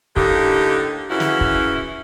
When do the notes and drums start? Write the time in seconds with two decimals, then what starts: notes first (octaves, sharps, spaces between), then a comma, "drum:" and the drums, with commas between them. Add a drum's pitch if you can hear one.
0.16 A2 D3 A#3 D#4 G4, drum: kick
1.10 F#2 C#3 E3 C#4 E4 F#4
1.20 drum: snare
1.41 drum: kick